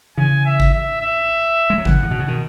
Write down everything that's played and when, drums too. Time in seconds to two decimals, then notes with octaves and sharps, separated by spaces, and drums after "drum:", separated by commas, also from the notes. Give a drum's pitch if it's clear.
0.17 C#3 E3 G#5
0.46 E5
0.60 drum: kick G#1
0.74 E5
1.01 E5
1.70 G#3
1.78 F#3
1.85 C#3 E3 F#5, drum: kick G#1
2.02 A2
2.11 B2
2.19 C#3
2.28 B2 D#3